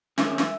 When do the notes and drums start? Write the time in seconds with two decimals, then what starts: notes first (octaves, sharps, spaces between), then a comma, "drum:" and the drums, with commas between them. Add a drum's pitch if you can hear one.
0.18 D#3 G#3 C#4 E5 G#5, drum: snare
0.38 drum: snare